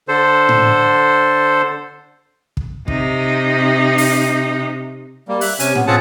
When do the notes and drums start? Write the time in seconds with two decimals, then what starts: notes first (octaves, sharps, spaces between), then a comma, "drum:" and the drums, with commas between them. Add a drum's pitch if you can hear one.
0.08 D3 A4 C5
0.49 drum: tom A2
2.57 drum: kick
2.88 C3 D#4, drum: kick
3.98 drum: open hi-hat
5.28 G3 A#3
5.41 E5 F#6, drum: open hi-hat
5.59 C3 C#4 G#5, drum: hi-hat
5.75 B3, drum: tom A2
5.87 C4 C#4 F4 G#4 F#5 A5